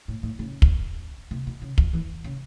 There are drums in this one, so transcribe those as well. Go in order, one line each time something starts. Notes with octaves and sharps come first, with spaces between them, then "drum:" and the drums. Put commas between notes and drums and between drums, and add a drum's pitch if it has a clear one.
A2
A2
C#3
drum: kick
C3
B2
C#3
F3, drum: kick
E3
C#3